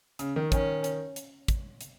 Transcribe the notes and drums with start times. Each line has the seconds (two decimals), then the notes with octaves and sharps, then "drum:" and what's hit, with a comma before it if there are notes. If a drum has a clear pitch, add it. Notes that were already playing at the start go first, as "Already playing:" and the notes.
0.19 C#3, drum: hi-hat
0.36 D#3
0.52 D#3 C#4, drum: kick, hi-hat
0.84 drum: hi-hat
1.16 drum: hi-hat
1.48 drum: kick, hi-hat
1.81 drum: hi-hat